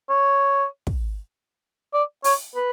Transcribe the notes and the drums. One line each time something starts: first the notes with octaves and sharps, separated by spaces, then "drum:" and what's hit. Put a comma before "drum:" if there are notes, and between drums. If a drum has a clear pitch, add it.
C#5
drum: kick
D5
C#5, drum: open hi-hat
B4